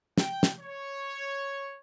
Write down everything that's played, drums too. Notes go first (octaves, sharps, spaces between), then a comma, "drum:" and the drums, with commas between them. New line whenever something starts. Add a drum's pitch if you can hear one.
G5, drum: snare
drum: snare
C#5